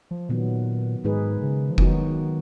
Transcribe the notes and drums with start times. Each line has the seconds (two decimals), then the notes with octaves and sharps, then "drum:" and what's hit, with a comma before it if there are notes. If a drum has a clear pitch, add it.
0.11 F3
0.29 A#2 D#3 F#3 B3
1.04 G#2 D#3 G#3 D#4 G#4 B4
1.42 C#3
1.71 F3
1.78 D#3 F#3 B3 D#4 F#4, drum: kick F1